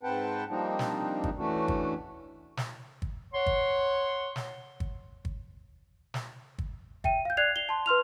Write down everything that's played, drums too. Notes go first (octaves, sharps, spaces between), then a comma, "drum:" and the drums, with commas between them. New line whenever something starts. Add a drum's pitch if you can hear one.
G#2 C4 B4 F#5 G5 A5
F3 G3 A#3 C4 D4 D#4
drum: snare
drum: kick G1
E3 A3 C#4 D4 F#4
drum: kick G1
drum: snare
drum: kick G1
C#5 F#5 C6
drum: kick G1
drum: snare
drum: kick G1
drum: kick G1
drum: snare
drum: kick G1
E5 G5 D#7, drum: kick G1
F5 G6
D5 F#6 G#6 C7 F7
C7 F7 G7
A5 C6
B4 C6 F6 F7